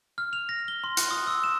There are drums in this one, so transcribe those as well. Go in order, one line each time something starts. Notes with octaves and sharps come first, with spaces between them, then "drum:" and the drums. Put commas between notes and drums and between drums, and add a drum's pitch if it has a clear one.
F6
F7
A#6
G7
C6
F#6, drum: hi-hat
D#6
E6
E7